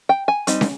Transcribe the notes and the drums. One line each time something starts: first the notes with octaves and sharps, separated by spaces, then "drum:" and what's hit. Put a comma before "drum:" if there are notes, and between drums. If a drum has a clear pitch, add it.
G5
G#5
G3 C4 D#4, drum: hi-hat
drum: snare